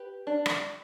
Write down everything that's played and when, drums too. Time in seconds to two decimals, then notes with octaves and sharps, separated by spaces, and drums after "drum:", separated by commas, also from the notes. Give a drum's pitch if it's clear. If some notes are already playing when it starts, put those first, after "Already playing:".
Already playing: G4 B4
0.27 D4
0.46 drum: rim click